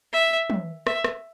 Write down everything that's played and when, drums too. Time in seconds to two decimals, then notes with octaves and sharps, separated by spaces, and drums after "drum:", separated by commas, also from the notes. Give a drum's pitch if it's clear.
0.13 E5
0.50 drum: tom
0.87 E5, drum: rim click
1.04 drum: rim click